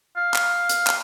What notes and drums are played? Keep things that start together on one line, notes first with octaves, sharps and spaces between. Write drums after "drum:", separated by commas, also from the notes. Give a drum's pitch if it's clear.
F5
drum: clap
drum: hi-hat
drum: clap